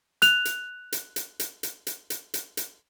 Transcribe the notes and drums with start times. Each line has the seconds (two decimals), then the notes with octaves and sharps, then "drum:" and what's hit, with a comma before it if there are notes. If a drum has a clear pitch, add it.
0.22 F#6 F7, drum: hi-hat
0.45 drum: hi-hat
0.92 drum: hi-hat
1.16 drum: hi-hat
1.40 drum: hi-hat
1.63 drum: hi-hat
1.87 drum: hi-hat
2.10 drum: hi-hat
2.34 drum: hi-hat
2.57 drum: hi-hat